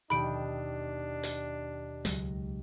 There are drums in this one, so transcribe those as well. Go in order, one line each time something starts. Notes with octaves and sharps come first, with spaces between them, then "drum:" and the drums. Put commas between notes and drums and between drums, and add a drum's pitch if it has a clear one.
D#2 B2 D4 G5 B5 D7
drum: hi-hat
C#2 F#3 G#3, drum: hi-hat